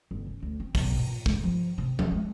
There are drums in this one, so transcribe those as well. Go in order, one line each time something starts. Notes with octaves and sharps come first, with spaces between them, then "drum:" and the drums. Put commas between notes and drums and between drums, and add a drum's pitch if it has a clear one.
G1
C#3
D2
C4
B1, drum: kick, open hi-hat
A#2
G#3, drum: kick
F3
C3
D#2, drum: tom F3
G#3